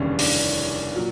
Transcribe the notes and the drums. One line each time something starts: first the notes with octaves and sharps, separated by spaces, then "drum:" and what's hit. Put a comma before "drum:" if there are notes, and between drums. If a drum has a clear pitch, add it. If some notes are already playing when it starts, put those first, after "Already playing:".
Already playing: F1 D#2 C#3 E3 G3 C#4 D4
D4, drum: open hi-hat
A#2 F#3